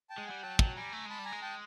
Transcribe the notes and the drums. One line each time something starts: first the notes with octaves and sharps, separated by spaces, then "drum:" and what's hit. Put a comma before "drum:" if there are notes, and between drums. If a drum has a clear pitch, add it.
G5 A5
G#3
G3 F#5 G#5
F#3 G5 A5
F#3, drum: kick
G3 G#5 A#5
A3
G#3 A5 B5
G3
G#5 A#5
G#3
G5 A5